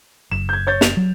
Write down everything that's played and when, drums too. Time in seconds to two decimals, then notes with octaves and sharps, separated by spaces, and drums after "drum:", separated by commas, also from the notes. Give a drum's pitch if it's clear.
0.31 F#1 E7
0.49 G6 G#6
0.67 C#5 G6 A6
0.81 E7 F7, drum: snare
0.97 F#3